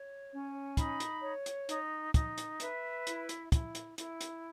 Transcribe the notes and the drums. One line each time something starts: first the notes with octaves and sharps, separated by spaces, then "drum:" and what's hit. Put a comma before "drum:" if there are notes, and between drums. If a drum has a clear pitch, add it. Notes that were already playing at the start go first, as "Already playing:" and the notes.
Already playing: C#5
C#4
D#4 B5, drum: kick, hi-hat
drum: hi-hat
C#5
drum: hi-hat
D#4, drum: hi-hat
D#4, drum: kick, hi-hat
drum: hi-hat
B4 E5, drum: hi-hat
E4, drum: hi-hat
drum: hi-hat
E4, drum: kick, hi-hat
drum: hi-hat
E4, drum: hi-hat
drum: hi-hat